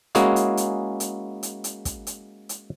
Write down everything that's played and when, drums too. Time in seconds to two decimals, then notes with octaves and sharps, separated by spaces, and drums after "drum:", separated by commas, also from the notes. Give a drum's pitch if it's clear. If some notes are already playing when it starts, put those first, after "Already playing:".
0.15 G#3 A#3 C#4 E4 F#4 G#4, drum: hi-hat
0.36 drum: hi-hat
0.57 drum: hi-hat
1.00 drum: hi-hat
1.43 drum: hi-hat
1.64 drum: hi-hat
1.85 drum: kick, hi-hat
2.07 drum: hi-hat
2.49 drum: hi-hat